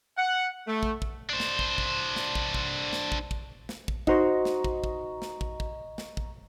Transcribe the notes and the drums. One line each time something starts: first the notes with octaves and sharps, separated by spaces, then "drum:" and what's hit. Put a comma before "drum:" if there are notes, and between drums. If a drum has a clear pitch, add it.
F#5
A3
drum: kick
drum: kick
D4 C5
drum: snare
drum: kick
drum: kick
drum: snare
drum: kick
drum: kick
drum: snare
drum: kick
drum: kick
drum: snare
drum: kick
D#4 F#4 C5 D#5 A#5 C#6, drum: kick
drum: snare
drum: kick
drum: kick
drum: snare
drum: kick
drum: kick
drum: snare
drum: kick